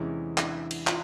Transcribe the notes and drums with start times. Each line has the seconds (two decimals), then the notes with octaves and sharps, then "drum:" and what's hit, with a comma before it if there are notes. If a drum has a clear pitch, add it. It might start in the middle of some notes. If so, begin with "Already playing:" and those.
Already playing: E2 C3 E3 G#3 C#4 D4 E4
0.38 D4 E4, drum: clap
0.71 drum: cymbal
0.87 D#4 F4, drum: clap